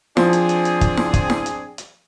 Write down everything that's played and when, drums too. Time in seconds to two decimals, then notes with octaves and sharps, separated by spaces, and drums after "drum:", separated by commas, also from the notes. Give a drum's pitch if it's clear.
0.17 F3 C4 D4 G#4, drum: snare
0.33 drum: hi-hat
0.49 drum: hi-hat
0.65 drum: hi-hat
0.81 drum: kick, hi-hat
0.97 drum: snare
1.14 drum: kick, hi-hat
1.30 drum: snare
1.46 drum: hi-hat
1.78 drum: hi-hat